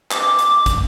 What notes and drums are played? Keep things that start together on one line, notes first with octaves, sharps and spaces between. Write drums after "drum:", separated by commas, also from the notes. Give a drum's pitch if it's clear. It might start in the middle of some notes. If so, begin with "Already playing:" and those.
D6, drum: clap
drum: hi-hat
drum: kick, hi-hat